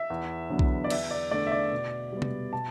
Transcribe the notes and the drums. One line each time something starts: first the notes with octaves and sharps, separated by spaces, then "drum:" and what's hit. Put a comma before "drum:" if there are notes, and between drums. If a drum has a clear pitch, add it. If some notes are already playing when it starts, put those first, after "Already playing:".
Already playing: E5
E2
D3 F#3 B3
drum: kick B1
D5
E2 E5, drum: cymbal
D5
D3 A3 D5
E5
D5
B2
G3 B3
drum: tom C3
B2 A5